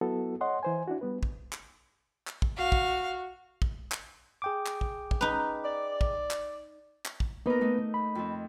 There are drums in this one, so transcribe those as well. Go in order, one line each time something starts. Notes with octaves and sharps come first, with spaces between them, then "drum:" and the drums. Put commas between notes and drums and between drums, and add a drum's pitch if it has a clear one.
F#3 B3 E4 F#4 A4
C#5 D#5 F#5 C6
E3 C5 G#5
D4 E4 F#4
G3 B3 B4
drum: kick
drum: clap
drum: clap
drum: kick
F#4 F5
drum: kick
drum: kick
drum: clap
G#4 G5 D6
drum: clap
drum: kick
drum: kick
D#4 B4
D5
drum: kick
drum: clap
drum: clap
drum: kick
A#3 B3 D#4 A#4 B4
A3 D#4
B5
F2 C4